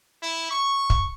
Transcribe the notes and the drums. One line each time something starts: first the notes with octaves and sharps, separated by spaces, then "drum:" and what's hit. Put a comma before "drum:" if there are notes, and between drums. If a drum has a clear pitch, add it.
E4
C#6
drum: kick